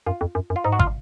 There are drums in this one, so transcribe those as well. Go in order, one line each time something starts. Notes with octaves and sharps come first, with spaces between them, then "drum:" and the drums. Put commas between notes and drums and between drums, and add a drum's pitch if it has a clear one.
F#2 F4
F2
F#2
F#2
F4
G#2 D#4
F#4
F4, drum: kick